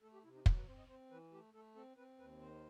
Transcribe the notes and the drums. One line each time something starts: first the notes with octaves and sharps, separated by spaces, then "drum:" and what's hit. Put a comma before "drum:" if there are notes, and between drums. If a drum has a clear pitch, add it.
A3 A4
G4
C3 E4
D#4
F#3 E4, drum: kick
B4
C4 C5
D#5
C4 C5
E3 B4
A3 G4
A3 A4
C4 A4
C4 B4
D#2 B4
D#3 C5